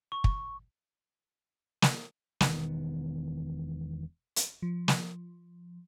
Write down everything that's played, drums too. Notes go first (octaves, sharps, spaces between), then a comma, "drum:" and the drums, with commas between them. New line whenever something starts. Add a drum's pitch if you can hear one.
C#6
drum: kick
drum: snare
E1 D#3 B3, drum: snare
drum: hi-hat
F3
drum: snare